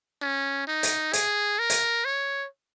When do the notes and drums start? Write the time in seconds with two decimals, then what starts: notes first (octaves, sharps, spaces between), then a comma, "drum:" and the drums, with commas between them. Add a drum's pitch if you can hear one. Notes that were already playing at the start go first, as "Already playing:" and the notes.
0.22 C#4
0.68 D#4
0.83 drum: hi-hat
1.13 G#4, drum: hi-hat
1.59 A#4
1.70 drum: hi-hat
2.05 C#5